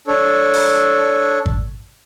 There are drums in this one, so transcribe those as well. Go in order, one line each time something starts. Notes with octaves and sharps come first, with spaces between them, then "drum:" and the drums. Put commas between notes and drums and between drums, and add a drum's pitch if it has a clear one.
D4 A4 C#5
drum: open hi-hat
drum: kick